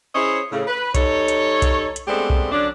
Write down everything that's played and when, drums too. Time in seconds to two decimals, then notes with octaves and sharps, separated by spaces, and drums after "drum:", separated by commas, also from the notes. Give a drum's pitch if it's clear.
0.15 C#4 E4 G#4 C5 C#5 D#5
0.52 A2 C#3
0.67 B4
0.95 G3 D#4 A4 C#5, drum: kick B1, hi-hat
1.28 drum: hi-hat
1.62 drum: kick B1, hi-hat
1.96 drum: hi-hat
2.08 G#3 A3 B3 C4 D4 G4
2.30 drum: kick B1
2.52 D3 F#3 C#4 D4